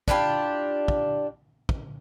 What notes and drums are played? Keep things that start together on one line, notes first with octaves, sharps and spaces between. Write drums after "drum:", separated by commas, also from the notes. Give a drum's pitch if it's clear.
D4 E4 F4 G4, drum: kick
drum: kick
drum: kick